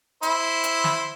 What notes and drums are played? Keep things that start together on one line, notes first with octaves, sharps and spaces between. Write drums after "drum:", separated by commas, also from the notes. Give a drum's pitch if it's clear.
E4 C5, drum: hi-hat
drum: hi-hat
drum: snare